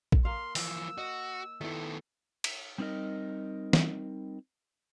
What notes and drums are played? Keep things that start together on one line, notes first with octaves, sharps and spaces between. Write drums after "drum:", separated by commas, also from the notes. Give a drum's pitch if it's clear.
drum: kick A#1
A#3 F5 C6
E3 F3 E6, drum: open hi-hat
F#4 D#5
D#3 A3 B3 E4
drum: cymbal
G3 C4 D#4 G#4 A#4 D#5
drum: snare